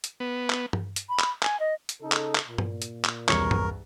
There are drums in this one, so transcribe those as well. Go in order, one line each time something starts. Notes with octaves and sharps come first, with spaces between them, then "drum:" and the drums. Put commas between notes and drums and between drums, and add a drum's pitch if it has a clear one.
drum: hi-hat
B3
drum: clap
drum: tom G2
drum: hi-hat
B5
drum: clap
G#5, drum: clap
D#5
drum: hi-hat
C#3 D#4 A4
drum: clap
drum: clap
A#2
drum: tom G2
drum: hi-hat
drum: clap
E1 C2 A#4 C#5, drum: clap
drum: tom G2